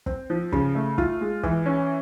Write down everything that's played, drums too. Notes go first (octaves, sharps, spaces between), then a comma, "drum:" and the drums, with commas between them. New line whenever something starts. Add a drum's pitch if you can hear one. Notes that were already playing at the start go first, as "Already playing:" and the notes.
C4, drum: kick
F3
C#3, drum: kick
A3
F4, drum: kick
G#3
E3, drum: kick
C#4